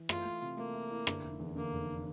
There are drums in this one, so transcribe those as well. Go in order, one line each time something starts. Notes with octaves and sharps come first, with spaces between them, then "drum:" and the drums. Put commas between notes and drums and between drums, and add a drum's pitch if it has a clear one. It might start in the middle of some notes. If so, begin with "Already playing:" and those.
Already playing: E3
A3 F4, drum: rim click
A3
C3
A3 A#3
A3
E4
D3, drum: rim click
F1
E2
D3 A#3
F1